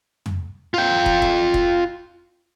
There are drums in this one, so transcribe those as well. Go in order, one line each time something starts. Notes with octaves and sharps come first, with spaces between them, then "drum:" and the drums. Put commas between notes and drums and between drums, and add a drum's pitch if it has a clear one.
drum: tom
F4 G5
drum: kick
drum: kick
drum: kick